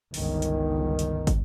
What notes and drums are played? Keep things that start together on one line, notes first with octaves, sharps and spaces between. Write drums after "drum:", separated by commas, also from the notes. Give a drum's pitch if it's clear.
G1 C#2 D#3, drum: open hi-hat
drum: hi-hat
drum: hi-hat
drum: kick, hi-hat